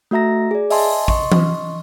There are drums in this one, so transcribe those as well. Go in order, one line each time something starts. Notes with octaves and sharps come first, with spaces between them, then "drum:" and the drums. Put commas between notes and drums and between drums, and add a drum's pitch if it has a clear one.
A3 F#4 E5 A#5 A#6
G#4 D5
D#5 E5 G#5 A5 C6, drum: open hi-hat
D#5 C6 C#6, drum: kick
drum: tom E3